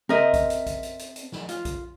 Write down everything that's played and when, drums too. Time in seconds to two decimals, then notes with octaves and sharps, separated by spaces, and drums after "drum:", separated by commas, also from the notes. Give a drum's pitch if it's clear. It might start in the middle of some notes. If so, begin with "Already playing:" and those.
0.09 C4 A#4 D#5 E5
0.34 drum: kick A#1, hi-hat
0.50 drum: hi-hat
0.66 drum: kick A#1, hi-hat
0.83 drum: hi-hat
0.99 drum: hi-hat
1.16 drum: hi-hat
1.32 drum: snare
1.49 F4, drum: hi-hat
1.65 drum: kick A#1, hi-hat